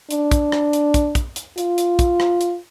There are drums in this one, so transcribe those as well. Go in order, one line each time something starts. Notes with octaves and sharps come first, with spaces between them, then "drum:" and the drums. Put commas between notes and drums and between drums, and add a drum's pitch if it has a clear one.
D4, drum: hi-hat
drum: kick, hi-hat
drum: rim click
drum: hi-hat
drum: kick, hi-hat
drum: kick, hi-hat
drum: hi-hat
F4, drum: hi-hat
drum: hi-hat
drum: kick, hi-hat
drum: rim click
drum: hi-hat